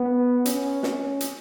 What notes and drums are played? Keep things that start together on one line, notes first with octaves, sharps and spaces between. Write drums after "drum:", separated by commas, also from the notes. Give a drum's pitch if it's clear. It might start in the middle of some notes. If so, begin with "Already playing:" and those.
Already playing: B3
C#4, drum: hi-hat
drum: snare
drum: hi-hat